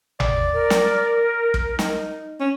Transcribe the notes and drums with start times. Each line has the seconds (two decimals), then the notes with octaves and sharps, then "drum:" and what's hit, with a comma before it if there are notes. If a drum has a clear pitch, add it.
0.20 D5, drum: tom G#1
0.54 A#4
0.70 drum: snare
1.54 drum: kick
1.79 D#4, drum: snare
2.41 C#4